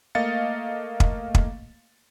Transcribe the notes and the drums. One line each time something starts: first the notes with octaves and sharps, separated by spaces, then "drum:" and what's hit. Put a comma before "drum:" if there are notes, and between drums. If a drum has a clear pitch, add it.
A3 A#3 D#5 F5 A6 C#7
drum: kick
drum: kick